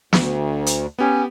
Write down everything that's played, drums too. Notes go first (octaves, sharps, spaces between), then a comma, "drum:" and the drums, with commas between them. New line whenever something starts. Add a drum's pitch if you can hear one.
D2, drum: snare
drum: hi-hat
B3 C#4 G4